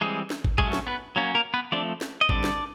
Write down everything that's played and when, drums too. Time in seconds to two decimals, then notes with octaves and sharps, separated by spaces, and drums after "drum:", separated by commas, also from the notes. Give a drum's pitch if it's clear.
0.01 E3 G3 G#3 C4 G#4
0.30 drum: snare
0.45 drum: kick
0.58 F#3 G#3 A3 C#4 G#4, drum: kick
0.73 drum: snare
0.87 B3 B4
1.16 F#3 A#3 C#4
1.35 A#3 A#4
1.54 B3 B4
1.72 F3 A3 C4 D4 D5
2.01 drum: snare
2.21 D#5
2.29 D3 G3 C4 D4 D5, drum: kick
2.44 drum: snare